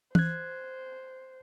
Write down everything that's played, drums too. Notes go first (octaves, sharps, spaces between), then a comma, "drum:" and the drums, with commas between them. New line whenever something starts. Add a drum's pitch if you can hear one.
C5 F#6 G#6, drum: tom E3